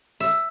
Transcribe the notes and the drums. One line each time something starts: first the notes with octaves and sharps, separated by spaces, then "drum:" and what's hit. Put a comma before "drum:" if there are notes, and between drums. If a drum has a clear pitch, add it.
E5, drum: tambourine